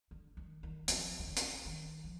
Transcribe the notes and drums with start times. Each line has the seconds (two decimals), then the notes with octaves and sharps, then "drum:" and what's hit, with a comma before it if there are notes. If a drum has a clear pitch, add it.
0.11 D3
0.37 D#3
0.63 D#3
0.88 F3, drum: hi-hat
1.19 D#3
1.27 D3
1.37 drum: hi-hat
1.66 D#3
2.04 F3